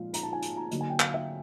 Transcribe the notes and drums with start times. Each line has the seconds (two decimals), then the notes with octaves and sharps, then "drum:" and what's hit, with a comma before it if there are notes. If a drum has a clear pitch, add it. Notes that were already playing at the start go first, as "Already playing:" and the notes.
Already playing: A#2 F3 G#3 F5
0.14 A#5, drum: hi-hat
0.23 A5
0.33 G#5
0.42 drum: hi-hat
0.57 A#5
0.71 D3 F#3 A#3 D#4, drum: hi-hat
0.81 G#5
0.90 G5
1.00 F5, drum: clap
1.14 E5